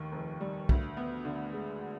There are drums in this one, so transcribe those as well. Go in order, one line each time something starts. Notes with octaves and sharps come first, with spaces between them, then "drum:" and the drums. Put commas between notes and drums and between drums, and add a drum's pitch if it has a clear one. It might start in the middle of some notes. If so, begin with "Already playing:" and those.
Already playing: F1 D#2 D#3
F1
G3
D2, drum: kick
B3
D3
G#3